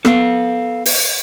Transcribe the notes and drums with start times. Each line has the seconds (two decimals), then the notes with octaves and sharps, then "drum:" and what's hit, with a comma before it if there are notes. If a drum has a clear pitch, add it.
0.05 B3 A4 F5, drum: rim click
0.86 drum: open hi-hat